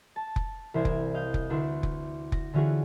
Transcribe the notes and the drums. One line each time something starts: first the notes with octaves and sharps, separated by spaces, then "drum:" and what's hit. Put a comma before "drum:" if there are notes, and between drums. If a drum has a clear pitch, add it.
A5
drum: kick F1
C2 E3 C5 D5 G#6
drum: kick F1
D#5 F5 G6
drum: kick F1
D2 D4 E4 B4 C6
drum: kick F1
A#6, drum: kick F1
D3 E3 C#4 F4 F#4 G#4